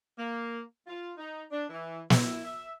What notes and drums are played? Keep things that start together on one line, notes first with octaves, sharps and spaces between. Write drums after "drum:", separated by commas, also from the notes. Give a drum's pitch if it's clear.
A#3
F4
D#4
D4
E3
E4, drum: snare
E5